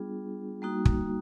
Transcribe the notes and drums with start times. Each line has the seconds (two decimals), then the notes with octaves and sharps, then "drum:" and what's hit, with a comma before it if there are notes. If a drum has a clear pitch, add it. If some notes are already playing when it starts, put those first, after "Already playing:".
Already playing: G3 B3 D4 F4 G#4
0.62 G3 A#3 D#4 F#4
0.85 drum: kick